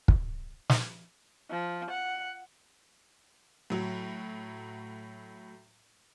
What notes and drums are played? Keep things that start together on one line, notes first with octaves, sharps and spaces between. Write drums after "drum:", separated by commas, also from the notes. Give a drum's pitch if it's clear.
drum: kick
drum: snare
F3
F#5
A2 F#3